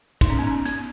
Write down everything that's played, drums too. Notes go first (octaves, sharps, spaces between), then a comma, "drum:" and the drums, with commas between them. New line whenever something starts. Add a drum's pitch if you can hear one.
D#4, drum: kick, hi-hat
C#4
B3
C#4
B3, drum: hi-hat